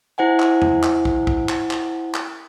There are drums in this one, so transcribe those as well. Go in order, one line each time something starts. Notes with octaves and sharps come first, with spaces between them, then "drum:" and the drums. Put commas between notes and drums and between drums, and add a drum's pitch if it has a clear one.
E4 C5 F#5 G#5
drum: clap
drum: tom
drum: clap
drum: kick
drum: kick
drum: clap
drum: clap
drum: clap